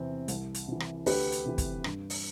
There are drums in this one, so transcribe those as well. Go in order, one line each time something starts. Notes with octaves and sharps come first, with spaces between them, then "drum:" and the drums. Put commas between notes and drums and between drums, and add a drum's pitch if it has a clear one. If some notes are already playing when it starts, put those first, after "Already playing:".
Already playing: E2 C3 E3 C4
C2, drum: hi-hat
drum: hi-hat
C3 E3
drum: rim click
D2 G4 B4, drum: open hi-hat
drum: hi-hat
C3 E3
drum: kick, hi-hat
G2, drum: rim click
drum: open hi-hat